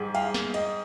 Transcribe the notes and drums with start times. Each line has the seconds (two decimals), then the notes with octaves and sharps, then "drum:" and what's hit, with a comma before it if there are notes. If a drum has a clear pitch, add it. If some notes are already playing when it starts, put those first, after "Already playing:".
Already playing: G#2 G3
0.15 F5, drum: cymbal
0.34 drum: snare
0.54 D#5, drum: cymbal